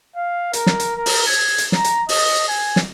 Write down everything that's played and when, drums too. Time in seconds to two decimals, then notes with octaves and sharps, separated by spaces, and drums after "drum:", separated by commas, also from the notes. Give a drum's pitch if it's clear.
0.16 F5
0.53 A#4, drum: hi-hat
0.66 drum: snare
0.80 drum: hi-hat
0.96 A#4
1.06 drum: open hi-hat
1.27 G#6
1.58 drum: hi-hat
1.72 A#5, drum: snare
1.84 drum: hi-hat
2.09 D#5, drum: open hi-hat
2.48 G#5
2.76 drum: snare